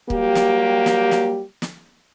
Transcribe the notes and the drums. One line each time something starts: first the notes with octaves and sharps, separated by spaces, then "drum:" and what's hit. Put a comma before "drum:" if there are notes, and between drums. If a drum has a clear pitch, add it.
F#3 G3 A#3 G4, drum: kick
drum: snare
drum: snare
drum: snare
drum: snare